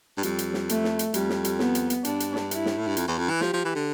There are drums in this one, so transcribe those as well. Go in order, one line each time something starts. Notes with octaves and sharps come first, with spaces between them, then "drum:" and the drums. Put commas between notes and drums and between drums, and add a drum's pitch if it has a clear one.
G2
F2 G3, drum: hi-hat
drum: hi-hat
drum: snare
A3, drum: hi-hat
drum: snare
drum: hi-hat
F2 G3, drum: hi-hat
drum: snare
drum: hi-hat
B3, drum: snare
drum: hi-hat
drum: hi-hat
G2 D4, drum: hi-hat
drum: hi-hat
drum: snare
E4, drum: hi-hat
drum: snare
A2
G2
F2, drum: hi-hat
E2
F2
E3
F3 G4, drum: snare
F3
E3
D3